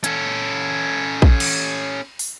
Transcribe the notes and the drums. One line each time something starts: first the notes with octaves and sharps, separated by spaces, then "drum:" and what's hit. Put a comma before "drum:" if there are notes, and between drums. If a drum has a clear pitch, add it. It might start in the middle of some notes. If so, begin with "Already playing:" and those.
C#4 A4, drum: hi-hat
drum: kick
drum: cymbal
drum: open hi-hat